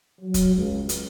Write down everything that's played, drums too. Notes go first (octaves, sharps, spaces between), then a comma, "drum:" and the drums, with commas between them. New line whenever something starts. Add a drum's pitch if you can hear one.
F#3
drum: kick, hi-hat
C#2
drum: hi-hat